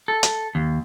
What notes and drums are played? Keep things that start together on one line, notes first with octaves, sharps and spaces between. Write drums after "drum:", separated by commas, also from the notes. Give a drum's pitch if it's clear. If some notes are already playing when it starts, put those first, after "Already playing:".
A4
drum: hi-hat
D#2